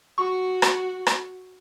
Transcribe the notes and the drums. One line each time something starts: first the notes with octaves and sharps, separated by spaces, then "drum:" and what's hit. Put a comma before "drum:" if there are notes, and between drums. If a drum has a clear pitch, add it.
F#4 C#6
drum: rim click
drum: rim click